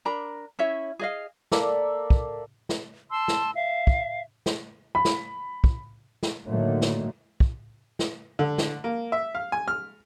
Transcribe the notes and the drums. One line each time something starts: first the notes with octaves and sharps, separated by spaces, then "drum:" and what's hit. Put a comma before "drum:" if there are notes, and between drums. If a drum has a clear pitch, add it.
D4 A#4 A#5 B5
C#4 E4 C#5 E5
G#4 D#5 F5
A#3 A4 D5 E5, drum: snare
drum: kick
drum: snare
A5 C6 E6
drum: snare
E5 F5
drum: kick
drum: snare
B5
drum: snare
drum: kick
drum: snare
A2 D3 D#3 F#3 A3 A#3
drum: snare
drum: kick
drum: snare
D3
drum: snare
A#3
E5
F5
G#5
F6